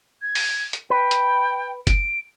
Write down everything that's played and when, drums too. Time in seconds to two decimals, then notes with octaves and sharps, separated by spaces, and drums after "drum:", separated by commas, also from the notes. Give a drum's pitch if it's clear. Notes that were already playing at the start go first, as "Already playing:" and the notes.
0.22 G#6
0.35 drum: open hi-hat
0.73 drum: hi-hat
0.90 B4 G5
1.11 drum: hi-hat
1.87 D7, drum: kick F#1, hi-hat